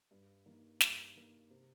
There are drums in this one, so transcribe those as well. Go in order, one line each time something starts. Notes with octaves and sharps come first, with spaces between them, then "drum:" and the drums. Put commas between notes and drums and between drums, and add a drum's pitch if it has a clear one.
G2
D#3 A#3
G2, drum: snare
D#3 A#3
C3